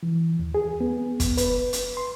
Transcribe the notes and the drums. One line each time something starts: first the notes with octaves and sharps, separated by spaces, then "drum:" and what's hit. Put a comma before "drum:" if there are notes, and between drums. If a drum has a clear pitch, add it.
E3
D#2
G#4
B3
drum: kick, hi-hat
B4, drum: hi-hat
drum: hi-hat
C6